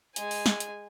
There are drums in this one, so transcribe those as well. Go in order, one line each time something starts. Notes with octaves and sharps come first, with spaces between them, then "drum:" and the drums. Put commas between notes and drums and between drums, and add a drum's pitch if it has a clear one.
G#3 G#5, drum: hi-hat
drum: open hi-hat
drum: snare
drum: hi-hat